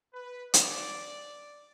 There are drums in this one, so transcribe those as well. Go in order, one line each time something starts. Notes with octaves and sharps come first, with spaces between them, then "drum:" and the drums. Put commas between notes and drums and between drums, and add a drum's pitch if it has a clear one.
B4
D5, drum: hi-hat